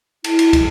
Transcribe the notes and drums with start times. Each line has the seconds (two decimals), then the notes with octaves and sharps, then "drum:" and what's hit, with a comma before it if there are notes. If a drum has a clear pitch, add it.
0.24 E4, drum: cymbal
0.39 drum: cymbal
0.53 drum: kick, cymbal